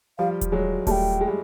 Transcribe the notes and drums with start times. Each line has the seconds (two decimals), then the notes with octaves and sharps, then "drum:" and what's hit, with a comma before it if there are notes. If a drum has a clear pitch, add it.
0.18 F3 G3 F5
0.41 drum: kick D#1, hi-hat
0.52 F#3 G#3
0.87 G3 A3 G5 A5, drum: kick D#1, open hi-hat
1.21 G#3
1.28 G3